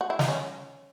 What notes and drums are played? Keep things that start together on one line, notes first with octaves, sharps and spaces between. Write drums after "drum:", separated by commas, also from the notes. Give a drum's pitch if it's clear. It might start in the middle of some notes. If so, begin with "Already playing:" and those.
F#4
E4
D#4, drum: snare
C#4